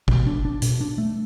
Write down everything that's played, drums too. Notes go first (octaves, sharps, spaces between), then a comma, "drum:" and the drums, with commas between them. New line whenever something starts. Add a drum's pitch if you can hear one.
B2, drum: kick
D4
D4
B2, drum: hi-hat
D4
A3